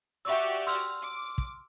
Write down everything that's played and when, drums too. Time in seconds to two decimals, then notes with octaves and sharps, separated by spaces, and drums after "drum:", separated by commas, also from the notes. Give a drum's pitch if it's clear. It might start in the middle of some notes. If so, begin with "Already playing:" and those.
0.25 F#4 G4 D5 E5 C#6 E6
0.67 C6 E6 F6, drum: open hi-hat
1.03 D6
1.38 drum: kick